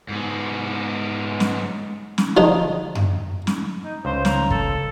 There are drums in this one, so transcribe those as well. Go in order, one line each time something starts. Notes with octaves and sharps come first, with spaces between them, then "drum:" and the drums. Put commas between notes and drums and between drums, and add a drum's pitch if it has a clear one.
G#2 B3
drum: snare
drum: snare
D3 F3 D#4
drum: tom F#2
drum: snare
D#4
C#2 C5
A#5, drum: snare
A4, drum: kick